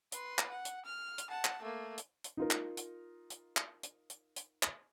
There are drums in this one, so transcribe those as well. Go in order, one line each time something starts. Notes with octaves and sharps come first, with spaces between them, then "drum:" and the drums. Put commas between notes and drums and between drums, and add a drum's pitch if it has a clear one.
B4 C6, drum: hi-hat
drum: clap
F#5
drum: hi-hat
F6
drum: hi-hat
F#5 A5
drum: clap
A3 A#3
drum: hi-hat
drum: hi-hat
D#4 F4 A#4
drum: clap
drum: hi-hat
drum: hi-hat
drum: clap
drum: hi-hat
drum: hi-hat
drum: hi-hat
drum: clap